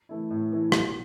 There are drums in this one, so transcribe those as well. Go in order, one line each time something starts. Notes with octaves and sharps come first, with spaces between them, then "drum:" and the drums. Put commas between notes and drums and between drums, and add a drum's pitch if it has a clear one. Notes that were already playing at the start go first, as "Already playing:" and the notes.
E3 A3 E4
A2
E3 A3 E4
B1, drum: rim click